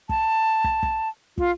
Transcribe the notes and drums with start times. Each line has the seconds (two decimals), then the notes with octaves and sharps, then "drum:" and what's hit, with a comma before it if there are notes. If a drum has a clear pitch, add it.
0.09 A5, drum: kick
0.64 drum: kick
0.83 drum: kick
1.38 F4, drum: kick